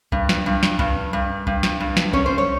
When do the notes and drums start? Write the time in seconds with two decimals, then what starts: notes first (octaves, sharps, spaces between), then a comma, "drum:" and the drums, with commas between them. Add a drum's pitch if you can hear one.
0.12 G2, drum: kick B1
0.29 drum: snare
0.46 G2
0.63 drum: snare
0.79 G2, drum: kick B1
1.13 G2
1.47 G2, drum: kick B1
1.63 drum: snare
1.80 G2
1.97 drum: snare
2.13 C#4 C#5, drum: kick B1
2.26 C5
2.38 C#5